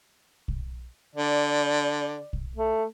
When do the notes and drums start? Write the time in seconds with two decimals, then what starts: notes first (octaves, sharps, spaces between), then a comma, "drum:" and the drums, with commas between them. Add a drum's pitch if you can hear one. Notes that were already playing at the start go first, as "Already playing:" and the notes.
0.48 drum: kick
1.15 D3 D5
2.33 drum: kick
2.57 A3